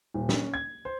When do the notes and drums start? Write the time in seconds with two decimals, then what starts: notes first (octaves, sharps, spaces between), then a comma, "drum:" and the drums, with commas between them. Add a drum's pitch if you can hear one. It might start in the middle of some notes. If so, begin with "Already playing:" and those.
0.14 D#1
0.29 C#4, drum: snare
0.54 G#6
0.85 C5